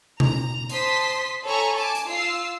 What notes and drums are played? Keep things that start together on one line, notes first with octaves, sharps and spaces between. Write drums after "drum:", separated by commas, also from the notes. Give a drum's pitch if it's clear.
A#5, drum: tom B2
C5 A5 C6 D#6 B6, drum: hi-hat
A4 C#5 G#5 A#5 B5 C#6
G#5 A5 D6
drum: hi-hat
F4 F5 E6 C7